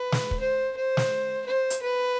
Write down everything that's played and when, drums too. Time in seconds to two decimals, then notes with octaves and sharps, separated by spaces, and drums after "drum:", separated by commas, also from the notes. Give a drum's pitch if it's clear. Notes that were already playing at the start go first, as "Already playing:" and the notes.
Already playing: B4
0.12 drum: snare
0.31 drum: kick
0.40 C5
0.77 C5
0.97 drum: snare
1.47 C5
1.70 drum: hi-hat
1.83 B4